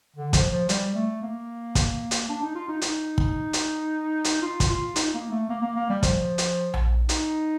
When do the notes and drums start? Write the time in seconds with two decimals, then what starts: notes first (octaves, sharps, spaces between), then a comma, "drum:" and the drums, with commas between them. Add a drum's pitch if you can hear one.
0.16 D3
0.33 F3, drum: kick, hi-hat
0.50 F3
0.69 G3, drum: hi-hat
0.95 A3
1.22 A#3
1.75 drum: kick, hi-hat
2.11 drum: hi-hat
2.29 D4
2.42 D#4
2.55 F4
2.68 D#4
2.81 D#4, drum: hi-hat
3.18 drum: kick
3.53 drum: hi-hat
4.24 drum: hi-hat
4.42 F4
4.60 drum: kick, hi-hat
4.69 F4
4.96 D#4, drum: hi-hat
5.14 A#3
5.31 A3
5.49 A#3
5.62 A#3
5.76 A#3
5.90 G3
6.03 F3, drum: kick, hi-hat
6.38 drum: hi-hat
6.74 drum: tom A#1
7.09 D#4, drum: hi-hat